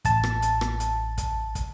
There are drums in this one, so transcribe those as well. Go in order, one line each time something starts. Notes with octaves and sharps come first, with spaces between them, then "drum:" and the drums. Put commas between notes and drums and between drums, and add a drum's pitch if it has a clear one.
A1 A5, drum: kick, hi-hat
drum: rim click
drum: hi-hat
drum: rim click
drum: hi-hat
drum: kick, hi-hat
drum: kick, hi-hat